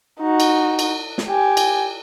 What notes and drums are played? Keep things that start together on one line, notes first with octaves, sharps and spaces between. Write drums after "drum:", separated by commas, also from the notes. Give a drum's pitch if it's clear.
D#4 F#4
drum: cymbal
drum: cymbal
drum: snare
G4 G#5
drum: cymbal